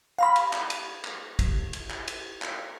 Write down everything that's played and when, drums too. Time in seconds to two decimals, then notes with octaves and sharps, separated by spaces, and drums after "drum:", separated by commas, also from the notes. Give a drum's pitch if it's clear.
0.18 F5 A#5 B5
0.36 drum: cymbal
0.53 drum: clap
0.70 drum: cymbal
1.04 drum: clap
1.39 drum: kick, cymbal
1.73 drum: cymbal
1.90 drum: clap
2.08 drum: cymbal
2.42 drum: clap